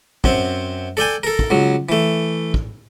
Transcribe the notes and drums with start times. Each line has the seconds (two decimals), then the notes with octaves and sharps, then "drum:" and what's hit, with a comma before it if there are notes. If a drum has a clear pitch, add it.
0.24 F#2 C4, drum: kick
0.97 A4 D5 G5 G#5
1.23 A4 A#4
1.39 drum: kick
1.50 C#2 F#3
1.89 E3 A3
2.54 drum: kick